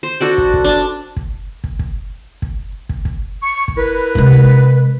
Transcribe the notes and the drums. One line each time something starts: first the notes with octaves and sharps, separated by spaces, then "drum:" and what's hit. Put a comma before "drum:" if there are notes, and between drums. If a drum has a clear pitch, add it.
C5
D4 F#4 A4 D5
drum: kick
drum: kick
D4 A5
drum: kick
drum: kick
drum: kick
drum: kick
drum: kick
drum: kick
C#6
drum: kick
E4 A#4 B4
C3 G#3, drum: kick
drum: kick